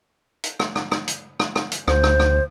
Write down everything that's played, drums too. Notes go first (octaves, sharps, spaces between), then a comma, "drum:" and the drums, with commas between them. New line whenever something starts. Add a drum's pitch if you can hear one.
drum: hi-hat
drum: rim click
drum: rim click
drum: rim click
drum: hi-hat
drum: rim click
drum: rim click
drum: hi-hat
D2 C5, drum: rim click
drum: rim click
drum: rim click